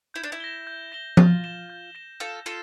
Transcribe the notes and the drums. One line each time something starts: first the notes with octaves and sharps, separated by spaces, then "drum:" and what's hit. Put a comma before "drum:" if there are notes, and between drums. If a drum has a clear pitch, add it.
E4 G6
D4
E4
A#6 E7 G7
G6
A#6 E7 G7
F4 G6, drum: tom F3
A#6 E7 G7
G6
A#6 E7 G7
F4 A4 G6
F4 A4 C7